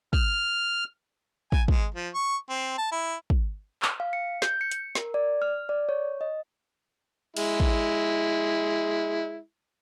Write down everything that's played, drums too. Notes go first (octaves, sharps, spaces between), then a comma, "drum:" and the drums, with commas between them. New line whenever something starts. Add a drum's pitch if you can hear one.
F6, drum: kick
G#5, drum: kick
G#3, drum: kick
F3
C#6
C4
A5
E4
drum: kick
drum: clap
F5
C#7
G6, drum: snare
C#7
drum: hi-hat
A#4, drum: snare
D5
F6
D5
C#5
D#5
G#3 E4, drum: cymbal
drum: kick